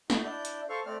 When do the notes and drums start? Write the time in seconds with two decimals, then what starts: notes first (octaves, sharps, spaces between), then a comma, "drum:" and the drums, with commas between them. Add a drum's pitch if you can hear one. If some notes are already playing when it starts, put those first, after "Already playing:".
0.10 A3 D#4 F#4, drum: snare
0.24 D4 E4 D5 G6
0.45 drum: hi-hat
0.69 A4 C5 F5 C#6
0.86 A3 C4 D5 F6